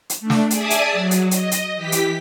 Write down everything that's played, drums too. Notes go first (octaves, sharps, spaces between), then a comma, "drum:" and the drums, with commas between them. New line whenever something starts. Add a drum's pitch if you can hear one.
drum: hi-hat
A3 D4
drum: snare
G#4 D5 E5 G#5 A5 D#6, drum: hi-hat
drum: hi-hat
F#3
drum: hi-hat
D#5, drum: hi-hat
drum: hi-hat
E3 G4 B6
drum: hi-hat